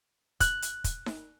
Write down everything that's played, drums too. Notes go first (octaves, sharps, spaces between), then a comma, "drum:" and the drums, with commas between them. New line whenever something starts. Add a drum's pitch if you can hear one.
F#6, drum: kick, hi-hat
drum: hi-hat
drum: kick, hi-hat
drum: snare D#4